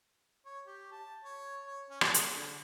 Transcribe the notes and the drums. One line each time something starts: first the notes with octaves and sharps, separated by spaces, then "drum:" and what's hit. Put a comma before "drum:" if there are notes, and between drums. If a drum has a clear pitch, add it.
C#5
G4
A5
C#5
C#5
C#4
G#4, drum: rim click
drum: hi-hat
D3